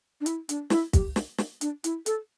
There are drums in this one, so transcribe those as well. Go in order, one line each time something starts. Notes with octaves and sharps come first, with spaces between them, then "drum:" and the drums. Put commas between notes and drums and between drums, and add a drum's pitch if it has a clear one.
D4
E4, drum: hi-hat
D4, drum: hi-hat
E4, drum: snare
G4, drum: kick, hi-hat
drum: snare
drum: snare
D4, drum: hi-hat
E4, drum: hi-hat
A4, drum: hi-hat